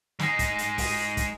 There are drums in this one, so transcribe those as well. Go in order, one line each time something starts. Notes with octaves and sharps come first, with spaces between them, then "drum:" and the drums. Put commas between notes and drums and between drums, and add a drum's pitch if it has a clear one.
G#3 D#4, drum: snare
drum: kick, hi-hat
drum: hi-hat
drum: kick, open hi-hat
drum: kick, hi-hat